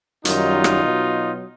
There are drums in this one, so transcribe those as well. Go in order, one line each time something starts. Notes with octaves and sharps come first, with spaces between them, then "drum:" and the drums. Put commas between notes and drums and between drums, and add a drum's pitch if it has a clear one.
F#2 D#3 G3 D#4 F4, drum: hi-hat
drum: rim click
B2 F#3